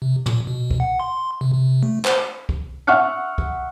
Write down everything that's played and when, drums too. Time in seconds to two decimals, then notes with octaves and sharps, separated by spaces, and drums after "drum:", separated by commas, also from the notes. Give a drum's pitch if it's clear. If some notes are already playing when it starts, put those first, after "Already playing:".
0.02 C3
0.26 A#2, drum: tom
0.47 B2
0.71 drum: kick
0.80 F#5
1.00 C6
1.41 C3
1.54 C3
1.83 A3
2.05 C5, drum: clap
2.49 drum: kick
2.87 E5 F#5 C#6 F6 F#6 C#7
3.38 drum: kick